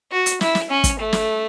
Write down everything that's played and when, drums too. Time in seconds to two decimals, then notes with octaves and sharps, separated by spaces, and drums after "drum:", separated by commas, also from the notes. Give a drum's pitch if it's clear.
0.12 F#4
0.26 drum: hi-hat
0.41 E4, drum: snare
0.55 drum: snare
0.70 C#4
0.84 drum: kick, hi-hat
0.98 A3
1.13 drum: snare